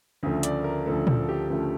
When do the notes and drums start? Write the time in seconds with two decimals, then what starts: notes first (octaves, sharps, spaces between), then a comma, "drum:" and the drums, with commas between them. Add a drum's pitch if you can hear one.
0.23 D2 C#3 F3 A3
0.43 D5, drum: hi-hat
0.64 A#4
0.86 D2 C#3 F3 A3 A4
1.07 A4, drum: tom A#2
1.29 G4
1.50 D2 C#3 F3 A3